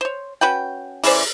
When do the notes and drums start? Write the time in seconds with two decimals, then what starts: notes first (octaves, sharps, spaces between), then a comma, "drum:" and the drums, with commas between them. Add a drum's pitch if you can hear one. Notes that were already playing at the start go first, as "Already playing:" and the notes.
0.01 C5 C#5
0.41 C#4 F#4 B4 G5
1.04 E3 C#4 C5 D5, drum: open hi-hat